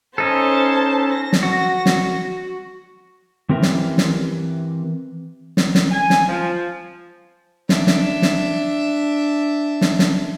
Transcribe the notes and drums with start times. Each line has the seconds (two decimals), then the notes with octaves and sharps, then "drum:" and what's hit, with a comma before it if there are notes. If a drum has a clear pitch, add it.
0.18 C#4 D#4 A4 C5 A5
1.15 A#6
1.33 drum: snare
1.43 F#4
1.86 drum: snare
3.49 E3 C4 G4 A#4 B4 E5
3.62 drum: snare
3.98 drum: snare
5.57 drum: snare
5.75 drum: snare
5.91 G#5
6.10 drum: snare
6.28 F3
7.69 D4 E5, drum: snare
7.87 drum: snare
8.22 drum: snare
9.81 drum: snare
9.99 drum: snare